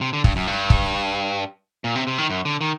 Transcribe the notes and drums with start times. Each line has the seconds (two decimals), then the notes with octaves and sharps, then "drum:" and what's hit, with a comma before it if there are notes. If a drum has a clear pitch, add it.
0.01 C3
0.13 D3
0.24 G2, drum: kick
0.36 F#2
0.47 G2
0.70 drum: kick
1.84 A#2
1.95 C3
2.07 C3
2.18 D#3
2.30 F#2
2.45 D3
2.61 D#3